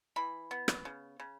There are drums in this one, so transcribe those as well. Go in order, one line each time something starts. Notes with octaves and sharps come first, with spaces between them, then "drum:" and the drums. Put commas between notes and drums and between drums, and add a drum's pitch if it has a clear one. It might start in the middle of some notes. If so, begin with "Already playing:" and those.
E3 B5
B3
drum: rim click
C#3
C#3